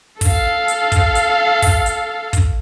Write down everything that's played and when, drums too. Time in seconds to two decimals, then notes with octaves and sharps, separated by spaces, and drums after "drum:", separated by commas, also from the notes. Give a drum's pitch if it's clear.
0.21 A4 F5, drum: kick, open hi-hat
0.68 drum: hi-hat
0.92 drum: kick, hi-hat
1.15 drum: hi-hat
1.62 drum: kick, open hi-hat
1.86 drum: hi-hat
2.33 drum: kick, hi-hat